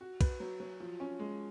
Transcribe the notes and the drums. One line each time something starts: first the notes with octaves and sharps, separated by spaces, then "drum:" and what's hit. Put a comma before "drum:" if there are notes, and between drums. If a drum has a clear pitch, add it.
F#4
B4, drum: kick, cymbal
F#3
F#3
F3
C#4
G#3